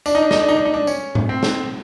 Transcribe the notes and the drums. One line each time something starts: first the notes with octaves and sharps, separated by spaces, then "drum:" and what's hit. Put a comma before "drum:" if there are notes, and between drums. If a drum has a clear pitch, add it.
D4, drum: tambourine
D#4
D4
D#4, drum: snare
D4
D#4
D4
D#4
D4
C#4, drum: tambourine
drum: tom A2
C4
drum: snare